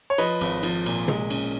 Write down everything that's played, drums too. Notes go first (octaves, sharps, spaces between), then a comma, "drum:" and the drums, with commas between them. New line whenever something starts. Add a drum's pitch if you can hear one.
C#5
F3 B4 D#5, drum: cymbal
G#1, drum: cymbal
F3, drum: cymbal
A#2, drum: cymbal
G#3, drum: tom
C#4, drum: cymbal